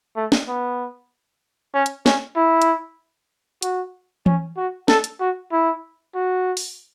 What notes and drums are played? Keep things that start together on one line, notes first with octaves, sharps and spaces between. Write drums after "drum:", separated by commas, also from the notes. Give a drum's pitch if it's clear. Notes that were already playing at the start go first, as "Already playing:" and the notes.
A3
drum: snare
B3
C#4
drum: hi-hat
C#4, drum: snare
E4
drum: hi-hat
F#4, drum: hi-hat
C#4, drum: tom E3
F#4
A4, drum: snare
drum: hi-hat
F#4
E4
F#4
drum: open hi-hat